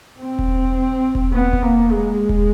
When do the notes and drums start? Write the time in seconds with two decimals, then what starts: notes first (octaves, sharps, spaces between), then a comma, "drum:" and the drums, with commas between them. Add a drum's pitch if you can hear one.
0.19 C4
0.39 drum: kick E1
1.15 drum: kick E1
1.34 B3
1.53 drum: kick E1
1.62 A#3
1.92 G#3
2.29 drum: kick E1